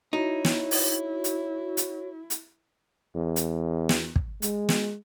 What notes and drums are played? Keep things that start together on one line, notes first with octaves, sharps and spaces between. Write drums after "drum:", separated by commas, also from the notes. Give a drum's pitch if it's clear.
D#4 E4 F#4 C#5
drum: snare
drum: open hi-hat
drum: hi-hat
drum: hi-hat
drum: hi-hat
E2
drum: hi-hat
drum: snare
drum: kick
G#3, drum: hi-hat
drum: snare